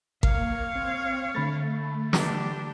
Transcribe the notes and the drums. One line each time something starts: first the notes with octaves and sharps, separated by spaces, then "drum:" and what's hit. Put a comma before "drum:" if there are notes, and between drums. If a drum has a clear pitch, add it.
A#3 C#5 F5, drum: kick G#1
C4
D3 A3 B5 A6
D4 G4, drum: snare